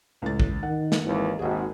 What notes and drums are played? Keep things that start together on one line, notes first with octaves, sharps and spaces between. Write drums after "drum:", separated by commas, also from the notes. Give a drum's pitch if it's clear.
C#2 A2 A6
drum: kick
D#3 F#5
drum: snare
G#1 D#2 E3
G#1 D#2 F#4 G#4